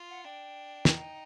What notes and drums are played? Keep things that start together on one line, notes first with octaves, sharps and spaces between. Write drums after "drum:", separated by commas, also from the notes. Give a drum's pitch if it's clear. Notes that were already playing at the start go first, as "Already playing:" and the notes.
Already playing: F4
F#5
D4 G5
D#4, drum: snare